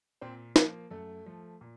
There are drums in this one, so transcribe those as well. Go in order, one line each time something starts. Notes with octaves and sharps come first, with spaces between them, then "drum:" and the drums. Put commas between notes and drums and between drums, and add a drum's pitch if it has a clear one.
A#2 C4 C5
F3 A#3 A#4, drum: snare
F#2 A3 A4
F3 A3
A#2